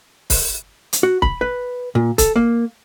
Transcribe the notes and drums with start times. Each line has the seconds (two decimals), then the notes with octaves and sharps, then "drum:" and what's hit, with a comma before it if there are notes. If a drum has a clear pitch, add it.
0.30 drum: kick, open hi-hat
0.93 drum: hi-hat
1.03 F#4
1.22 B5, drum: kick
1.41 B4
1.95 A#2
2.18 A4, drum: kick, hi-hat
2.36 A#3